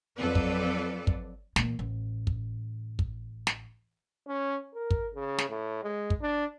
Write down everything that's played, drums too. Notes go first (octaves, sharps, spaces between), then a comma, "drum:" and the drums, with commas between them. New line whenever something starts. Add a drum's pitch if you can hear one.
F2 F#3 C4 A4 B4 D5
drum: kick
drum: kick
A#2 E3, drum: snare
A1
drum: kick
drum: kick
drum: snare
C#4
A#4
drum: kick
C#3
drum: snare
A2
G#3
drum: kick
D4